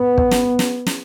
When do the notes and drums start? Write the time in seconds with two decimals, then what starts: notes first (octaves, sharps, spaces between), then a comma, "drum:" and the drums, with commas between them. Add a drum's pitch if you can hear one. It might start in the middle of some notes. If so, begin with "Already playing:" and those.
Already playing: B3
0.18 drum: kick
0.31 drum: snare
0.59 drum: snare
0.86 drum: snare